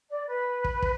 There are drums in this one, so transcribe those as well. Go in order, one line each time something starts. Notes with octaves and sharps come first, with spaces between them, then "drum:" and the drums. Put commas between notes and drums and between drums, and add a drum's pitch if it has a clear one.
D5
B4
drum: kick
drum: kick